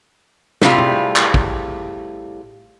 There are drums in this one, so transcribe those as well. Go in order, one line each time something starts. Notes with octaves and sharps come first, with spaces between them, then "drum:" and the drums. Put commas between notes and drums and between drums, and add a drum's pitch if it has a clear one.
A2 C3 G3 F4 G#4, drum: snare
drum: tom
drum: clap
drum: kick